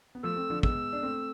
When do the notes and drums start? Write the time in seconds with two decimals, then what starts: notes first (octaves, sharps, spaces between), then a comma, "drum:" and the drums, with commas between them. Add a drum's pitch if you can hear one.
0.15 B3
0.23 F3 A3 E6
0.36 A3 C4
0.50 D3 F3
0.63 G#3 B3 E6, drum: kick
0.92 D4
1.03 A3 C4